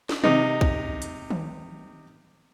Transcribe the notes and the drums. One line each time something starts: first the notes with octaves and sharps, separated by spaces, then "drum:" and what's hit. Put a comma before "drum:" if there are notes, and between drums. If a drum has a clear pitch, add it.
drum: snare
C3 D#4, drum: tom D#3
drum: kick
drum: hi-hat
drum: tom D#3